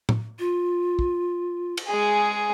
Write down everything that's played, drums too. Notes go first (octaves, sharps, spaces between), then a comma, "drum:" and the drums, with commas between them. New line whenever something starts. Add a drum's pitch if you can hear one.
drum: tom
F4
drum: kick
drum: cymbal
G#3 G#4